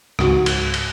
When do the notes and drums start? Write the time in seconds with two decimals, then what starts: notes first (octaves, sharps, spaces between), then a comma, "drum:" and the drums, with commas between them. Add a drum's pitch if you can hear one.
0.19 C#2 G#2 F#4, drum: rim click
0.46 drum: cymbal
0.74 drum: cymbal